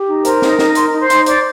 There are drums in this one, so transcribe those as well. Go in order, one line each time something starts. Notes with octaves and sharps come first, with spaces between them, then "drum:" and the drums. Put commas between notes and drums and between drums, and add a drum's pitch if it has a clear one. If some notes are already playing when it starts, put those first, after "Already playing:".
Already playing: G4
D#4
A#4 C5 A#5, drum: hi-hat
D#4, drum: snare
D#4, drum: snare
A#4 C6, drum: hi-hat
D#4 A#5
C5 C6
D#4, drum: hi-hat
C5 D5 D6, drum: hi-hat